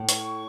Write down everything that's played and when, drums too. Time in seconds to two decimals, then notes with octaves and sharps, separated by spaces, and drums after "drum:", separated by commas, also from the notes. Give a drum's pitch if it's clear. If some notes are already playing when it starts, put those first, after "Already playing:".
Already playing: A2
0.09 C#6, drum: hi-hat